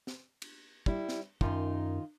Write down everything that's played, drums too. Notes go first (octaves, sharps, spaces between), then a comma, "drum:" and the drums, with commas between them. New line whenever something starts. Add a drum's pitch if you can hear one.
drum: snare
drum: cymbal
G3 E4, drum: kick
drum: snare
F#2 D#3 D#4 F4, drum: kick